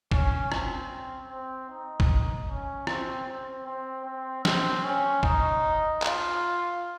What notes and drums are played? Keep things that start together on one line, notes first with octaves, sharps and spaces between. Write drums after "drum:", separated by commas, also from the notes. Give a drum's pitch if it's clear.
C#4, drum: kick
C4, drum: rim click
C4
D#4
drum: kick
C#4
C4, drum: rim click
C4
C4
C4
C4, drum: snare
C#4
D#4, drum: kick
F4, drum: clap